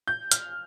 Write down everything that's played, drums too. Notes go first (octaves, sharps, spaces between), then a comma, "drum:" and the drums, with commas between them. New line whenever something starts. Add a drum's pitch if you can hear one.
G6
F6, drum: hi-hat